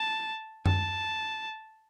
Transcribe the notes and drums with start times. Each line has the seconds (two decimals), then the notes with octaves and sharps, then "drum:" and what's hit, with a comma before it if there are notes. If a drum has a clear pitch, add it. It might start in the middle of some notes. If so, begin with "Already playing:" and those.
Already playing: A5
0.66 A5, drum: tom F#2